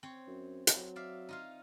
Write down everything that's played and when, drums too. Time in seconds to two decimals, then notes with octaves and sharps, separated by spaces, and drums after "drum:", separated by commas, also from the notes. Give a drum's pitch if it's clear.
0.03 C4 C#5
0.27 F#2
0.67 drum: hi-hat
0.76 F#3
0.96 D5 E5 F5
1.29 D#4 F4 F5